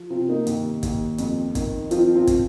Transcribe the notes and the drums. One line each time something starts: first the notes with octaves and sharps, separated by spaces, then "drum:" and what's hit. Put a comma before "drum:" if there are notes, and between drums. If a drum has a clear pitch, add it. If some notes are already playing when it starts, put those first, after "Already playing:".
Already playing: F3
C3 C4 F4
A#3 D#4
D#2, drum: hi-hat
D#2, drum: kick, hi-hat
F2, drum: hi-hat
D#3, drum: kick, hi-hat
F3 C4 F4, drum: hi-hat
C4 F4
drum: kick, hi-hat